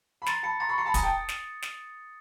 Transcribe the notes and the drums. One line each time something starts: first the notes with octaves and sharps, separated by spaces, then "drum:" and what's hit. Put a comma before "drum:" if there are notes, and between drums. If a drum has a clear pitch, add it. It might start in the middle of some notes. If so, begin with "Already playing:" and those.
B5
A#5 C6 A6, drum: snare
A5 B5 C#7
A#5 C6 A6
B5 C#6
A#5 C6 C#7
A5 B5
G#5 A#5 D#6, drum: kick, hi-hat
G5 A5
drum: snare
drum: snare